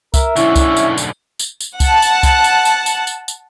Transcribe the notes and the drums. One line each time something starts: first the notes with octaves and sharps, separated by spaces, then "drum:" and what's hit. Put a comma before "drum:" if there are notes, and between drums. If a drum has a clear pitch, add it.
A#4 E5, drum: kick C2, tambourine
B1 D3 C#4 E4, drum: tambourine
drum: kick C2, tambourine
drum: tambourine
drum: tambourine
drum: tambourine
drum: tambourine
F#5 A5, drum: kick C2, tambourine
drum: tambourine
drum: kick C2, tambourine
drum: tambourine
drum: tambourine
drum: tambourine
drum: tambourine
drum: tambourine